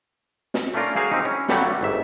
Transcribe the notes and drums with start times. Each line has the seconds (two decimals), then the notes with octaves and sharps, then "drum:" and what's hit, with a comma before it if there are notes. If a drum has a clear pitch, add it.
0.54 drum: snare
0.74 A3 A#3 C#4 D4 F4 A#4
0.96 F#4 G#4 A#4 C5 F5 G#5
1.11 C4 D4 D#4 G4
1.25 C#4 E4
1.49 G2 D3 F#3 G3 A3 F#5, drum: snare
1.81 G1 G#2 E5